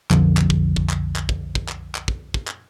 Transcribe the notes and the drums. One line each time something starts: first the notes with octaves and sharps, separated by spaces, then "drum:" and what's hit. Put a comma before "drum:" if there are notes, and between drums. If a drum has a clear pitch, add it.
B1 F2 D3 F3, drum: clap
drum: clap
drum: kick
drum: kick
drum: clap
drum: clap
drum: kick
drum: kick
drum: clap
drum: clap
drum: kick
drum: kick
drum: clap